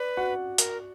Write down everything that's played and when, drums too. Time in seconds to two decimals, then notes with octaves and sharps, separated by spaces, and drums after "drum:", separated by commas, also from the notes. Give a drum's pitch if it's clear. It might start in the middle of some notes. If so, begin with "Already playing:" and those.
Already playing: B4 D5
0.17 F#4 F#5
0.58 A#4, drum: hi-hat